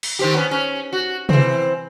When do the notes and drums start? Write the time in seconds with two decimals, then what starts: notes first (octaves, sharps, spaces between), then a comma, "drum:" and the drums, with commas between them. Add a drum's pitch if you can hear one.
0.03 drum: cymbal
0.19 D#3 C4 G4
0.34 B3 C#4
0.51 C#4
0.93 F#4
1.29 E3 C4, drum: tom C3